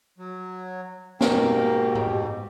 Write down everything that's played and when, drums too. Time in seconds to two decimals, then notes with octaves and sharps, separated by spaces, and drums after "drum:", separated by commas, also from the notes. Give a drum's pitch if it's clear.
0.18 F#3
1.21 G#2 B2 A#3 G4, drum: snare B3
1.95 drum: tom G#2